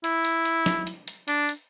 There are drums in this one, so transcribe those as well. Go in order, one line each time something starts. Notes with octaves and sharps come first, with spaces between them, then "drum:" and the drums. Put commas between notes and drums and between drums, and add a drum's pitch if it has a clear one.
E4, drum: hi-hat
drum: hi-hat
drum: hi-hat
drum: snare
drum: hi-hat
drum: hi-hat
D4, drum: hi-hat
drum: hi-hat